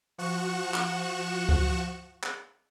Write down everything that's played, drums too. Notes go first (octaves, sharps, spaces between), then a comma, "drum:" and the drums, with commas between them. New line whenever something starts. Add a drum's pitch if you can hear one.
F3 F#4 F#5 C#6 F#6 E7
drum: clap
drum: kick C#2
drum: clap